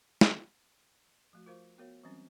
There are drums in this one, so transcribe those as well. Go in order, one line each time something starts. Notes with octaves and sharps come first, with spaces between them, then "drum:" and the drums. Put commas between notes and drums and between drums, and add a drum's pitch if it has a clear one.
drum: snare
F3 A3 F#4
F4 A#4 C5 F5 C#6
B3 F#4 A#4 C#5 F5
E3 F#3 G3 C4 C#4